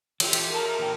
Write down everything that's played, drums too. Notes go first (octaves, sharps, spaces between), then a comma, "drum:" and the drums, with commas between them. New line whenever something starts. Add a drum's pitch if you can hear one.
E3 F4 G4, drum: cymbal
drum: cymbal
G#4 A#4 A5
A#2 E3 G5